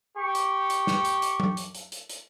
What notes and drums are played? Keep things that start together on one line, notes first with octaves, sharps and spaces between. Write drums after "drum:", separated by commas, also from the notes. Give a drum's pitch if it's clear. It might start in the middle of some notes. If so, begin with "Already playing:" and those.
G4 C#6
drum: hi-hat
drum: hi-hat
drum: snare
drum: hi-hat
drum: hi-hat
drum: tom F#3
drum: hi-hat
drum: hi-hat
drum: hi-hat
drum: hi-hat